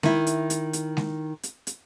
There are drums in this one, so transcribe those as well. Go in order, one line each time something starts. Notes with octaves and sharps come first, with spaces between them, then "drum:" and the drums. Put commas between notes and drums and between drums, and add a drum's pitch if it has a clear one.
D#3 E4, drum: snare G#3
drum: hi-hat
drum: hi-hat
drum: hi-hat
drum: snare G#3
drum: hi-hat
drum: hi-hat